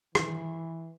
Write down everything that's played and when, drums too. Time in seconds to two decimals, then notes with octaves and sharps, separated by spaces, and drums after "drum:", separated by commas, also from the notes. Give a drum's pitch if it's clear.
0.15 E3, drum: rim click